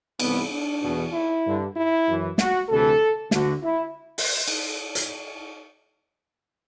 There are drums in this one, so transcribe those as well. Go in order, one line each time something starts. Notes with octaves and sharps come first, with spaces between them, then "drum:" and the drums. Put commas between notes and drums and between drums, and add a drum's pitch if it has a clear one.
C2 C3 E3 B3, drum: cymbal
D4
E2 B2
E4
G2 D3
E4
F#2 E3
F#4, drum: snare
D2 C3 E3 A4
D2 D3 F#4, drum: snare
E4
drum: open hi-hat
drum: cymbal
drum: hi-hat